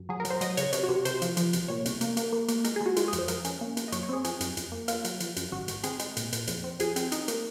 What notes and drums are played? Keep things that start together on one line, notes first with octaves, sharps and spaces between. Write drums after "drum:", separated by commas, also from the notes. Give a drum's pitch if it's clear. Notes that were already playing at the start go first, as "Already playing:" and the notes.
Already playing: F#2
F#3 G#4
A#4
F#3, drum: hi-hat
C5
F#3 D#5, drum: hi-hat
C#3 C#5, drum: hi-hat
C3 C#5, drum: hi-hat
F#4
C3
C3 C5, drum: hi-hat
F3, drum: hi-hat
F3, drum: hi-hat
C2, drum: hi-hat
A#2 C#5
C2, drum: hi-hat
A#3, drum: hi-hat
A#3, drum: hi-hat
A#3
A#3, drum: hi-hat
G#3 A#4, drum: hi-hat
G#4
G#3
F#4
G#3 F4, drum: hi-hat
G#4
F2, drum: hi-hat
C5
F3 A#4, drum: hi-hat
C#4, drum: hi-hat
A#3
A#3, drum: hi-hat
D#5
F#2 C#5, drum: hi-hat
C#5
C4 G#4
F3 G#4, drum: hi-hat
F#2, drum: hi-hat
F2, drum: hi-hat
A#3
A#3 F4, drum: hi-hat
F#3, drum: hi-hat
F3, drum: hi-hat
F#2, drum: hi-hat
G#1 F#4
G#1, drum: hi-hat
C4 G#4, drum: hi-hat
G#3, drum: hi-hat
A#2, drum: hi-hat
A#2, drum: hi-hat
F2, drum: hi-hat
C4
F2 G#4, drum: hi-hat
C4, drum: hi-hat
D#4, drum: hi-hat
A#3, drum: hi-hat